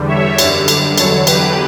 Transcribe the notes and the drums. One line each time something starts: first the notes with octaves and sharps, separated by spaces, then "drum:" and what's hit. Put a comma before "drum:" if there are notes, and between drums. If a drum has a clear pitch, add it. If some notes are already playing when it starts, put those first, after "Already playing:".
Already playing: E2 D3 G3
C#5 E5
F#2 D3 G3, drum: cymbal
drum: cymbal
E2 D3 F#3 A4 C#5, drum: cymbal
G4 B4, drum: cymbal